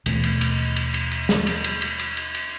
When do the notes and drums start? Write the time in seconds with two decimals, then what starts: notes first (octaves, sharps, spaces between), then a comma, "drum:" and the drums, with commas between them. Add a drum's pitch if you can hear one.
0.06 D#2 B2 E3 A3, drum: cymbal
0.24 drum: cymbal
0.41 drum: cymbal
0.76 drum: cymbal
0.94 drum: cymbal
1.11 drum: cymbal
1.29 drum: snare
1.47 drum: cymbal
1.64 drum: cymbal
1.82 drum: cymbal
1.99 drum: cymbal
2.17 drum: cymbal
2.35 drum: cymbal